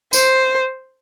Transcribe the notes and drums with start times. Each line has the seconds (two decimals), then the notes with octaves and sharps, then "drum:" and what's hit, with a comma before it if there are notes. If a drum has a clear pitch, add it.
0.13 C5, drum: tambourine